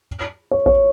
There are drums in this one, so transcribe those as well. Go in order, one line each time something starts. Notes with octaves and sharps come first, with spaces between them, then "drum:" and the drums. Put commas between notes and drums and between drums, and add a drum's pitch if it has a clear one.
C#5
C#5, drum: kick A#1